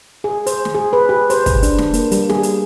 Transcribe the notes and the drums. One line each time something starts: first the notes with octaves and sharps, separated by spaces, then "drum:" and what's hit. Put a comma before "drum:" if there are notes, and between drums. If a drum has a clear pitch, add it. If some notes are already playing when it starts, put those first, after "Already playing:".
G#4
C5, drum: hi-hat
drum: snare
G#4
B4
G4
C5, drum: hi-hat
drum: kick, hi-hat
D4, drum: hi-hat
drum: snare
A#3, drum: hi-hat
G3, drum: hi-hat
G#4, drum: snare
drum: hi-hat